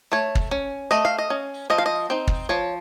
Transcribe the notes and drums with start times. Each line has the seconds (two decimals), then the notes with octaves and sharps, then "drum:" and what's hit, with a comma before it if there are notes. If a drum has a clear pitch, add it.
0.12 A3 C#5
0.35 drum: kick
0.51 C#4
0.91 A3 D#5
1.05 F5
1.18 D#5
1.30 C#4
1.70 F3 D#5
1.78 F5
1.86 D#5
2.10 C4 D#4
2.27 drum: kick
2.49 F3 C#5